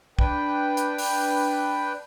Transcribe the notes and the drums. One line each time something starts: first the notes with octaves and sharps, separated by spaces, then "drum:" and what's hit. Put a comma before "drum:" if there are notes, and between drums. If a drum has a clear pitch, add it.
D4 B4 G5, drum: kick
drum: hi-hat
drum: open hi-hat